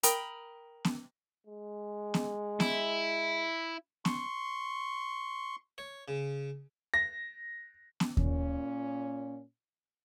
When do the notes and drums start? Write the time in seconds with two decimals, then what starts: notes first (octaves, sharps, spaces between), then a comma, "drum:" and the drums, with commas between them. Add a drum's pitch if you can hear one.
0.03 A#4 G5 B5 D#6, drum: hi-hat
0.85 drum: snare B3
1.47 G#3
2.14 drum: snare B3
2.60 E4, drum: snare B3
4.05 C6 C#6, drum: snare B3
5.78 C#5
6.08 C#3
6.94 A#6
8.00 drum: snare B3
8.17 A#2 C#4, drum: kick D#2